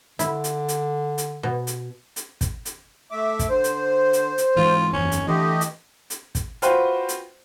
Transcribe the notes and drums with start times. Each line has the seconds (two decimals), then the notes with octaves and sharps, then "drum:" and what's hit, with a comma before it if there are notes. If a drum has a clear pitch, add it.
0.19 D3 E4, drum: hi-hat
0.44 drum: hi-hat
0.68 drum: hi-hat
1.18 drum: hi-hat
1.43 B2
1.67 drum: hi-hat
2.16 drum: hi-hat
2.41 drum: kick, hi-hat
2.65 drum: hi-hat
3.11 A3 E5 D6
3.39 drum: kick, hi-hat
3.49 D3 C5
3.64 drum: hi-hat
4.13 drum: hi-hat
4.38 drum: hi-hat
4.57 G#2 E3 F4
4.93 F#1 E2 C#4
5.12 drum: hi-hat
5.28 D3 E3 A3 G4 D#5
5.61 drum: hi-hat
6.10 drum: hi-hat
6.35 drum: kick, hi-hat
6.62 F4 F#4 B4 C5 G5, drum: hi-hat
7.09 drum: hi-hat